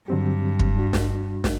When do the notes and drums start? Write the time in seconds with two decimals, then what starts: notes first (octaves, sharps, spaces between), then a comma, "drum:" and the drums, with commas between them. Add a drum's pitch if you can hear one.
0.08 G2 D3 F#3 C4 G4
0.59 drum: kick
0.76 G3 D4 F#4
0.93 drum: snare
1.44 drum: snare